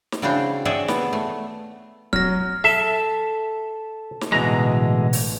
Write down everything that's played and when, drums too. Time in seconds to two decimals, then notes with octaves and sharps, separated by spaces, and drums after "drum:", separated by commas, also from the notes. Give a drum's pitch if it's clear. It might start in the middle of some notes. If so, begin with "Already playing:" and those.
0.12 drum: snare
0.22 C#3 C4 D4 E4 F#4 C5
0.65 C4 G#4 C#5 D5 E5 F#5
0.88 B3, drum: snare
1.13 A3
2.13 F#3 F6 A#6, drum: kick C#1
2.64 A4 E5
4.21 drum: snare
4.32 A1 B2 D3 E3 G#3 A#5
5.13 drum: open hi-hat